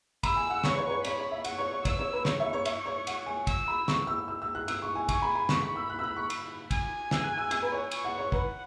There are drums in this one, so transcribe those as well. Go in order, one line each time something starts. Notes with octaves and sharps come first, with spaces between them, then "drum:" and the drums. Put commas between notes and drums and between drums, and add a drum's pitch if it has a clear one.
B5 E6, drum: kick, cymbal
G#5
F#5
C#5 C#6, drum: snare
C#5
B4
C#5
C#5 B5, drum: cymbal
C#5
E5
F#5 C#6, drum: cymbal
C#5
C#5
C#5 E6, drum: kick, cymbal
C#5
B4
C#5 C#6, drum: snare
E5
C#5
E5, drum: cymbal
C#5
F#5, drum: cymbal
G#5
E6, drum: kick, cymbal
B5
C#6, drum: snare
E6
E6
E6
F#6
E6, drum: cymbal
C#6
G#5
G#5 C#6, drum: kick, cymbal
B5
B5
B5 C#6, drum: snare
C#6
E6
F#6
E6
F#6
C#6
drum: cymbal
G#5, drum: kick, cymbal
E6, drum: snare
F#6
E6
E6, drum: cymbal
B4
C#5
C#6, drum: cymbal
F#5
C#5
B4 F#5, drum: kick